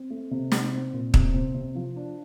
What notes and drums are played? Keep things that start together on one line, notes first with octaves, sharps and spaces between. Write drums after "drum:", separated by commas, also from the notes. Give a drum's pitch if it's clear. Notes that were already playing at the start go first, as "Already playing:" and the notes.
Already playing: C4
A3
C3
D#4, drum: snare
C4
A#2
C3, drum: kick
C4
C3
F3
D4